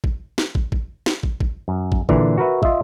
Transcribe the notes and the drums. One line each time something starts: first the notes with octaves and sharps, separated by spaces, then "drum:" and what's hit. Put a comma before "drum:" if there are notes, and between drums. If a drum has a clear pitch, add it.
drum: kick
drum: snare
drum: kick
drum: kick
drum: snare
drum: kick
drum: kick
F#2
drum: kick
A#2 D3 E3, drum: kick
F#4 A#4 B4 E5
F4 D#5 E5, drum: kick